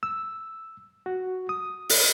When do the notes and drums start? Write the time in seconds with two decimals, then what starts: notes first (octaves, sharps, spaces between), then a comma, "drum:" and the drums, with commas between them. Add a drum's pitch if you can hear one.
0.03 E6
1.06 F#4
1.49 D#6
1.89 drum: open hi-hat